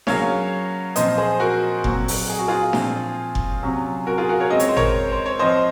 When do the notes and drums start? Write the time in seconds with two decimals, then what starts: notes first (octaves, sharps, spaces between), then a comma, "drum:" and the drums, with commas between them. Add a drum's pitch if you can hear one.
0.07 C#3 F#3 A#3 C#4 C#5 F5, drum: snare D4
0.96 A#2 F3 C4 C5 D#5, drum: hi-hat
1.18 G#4 C5
1.40 F#4 A#4
1.84 A#2 F#3 C4, drum: kick F1
2.08 drum: open hi-hat
2.30 G#4
2.39 F#4
2.48 F4 G#4
2.73 A#2 F3 C4, drum: snare D4
3.35 drum: kick F1
3.63 C3 F#3 C#4
4.07 F#4 A#4
4.18 F4 G#4
4.29 F#4 A#4
4.40 A#4 C#5
4.50 C#3 G#3 C4 D#5
4.60 C#5, drum: hi-hat
4.69 C5
4.77 A#4 C#5, drum: tom G#1
5.12 C5
5.26 C#5
5.39 F3 C4 C5 D#5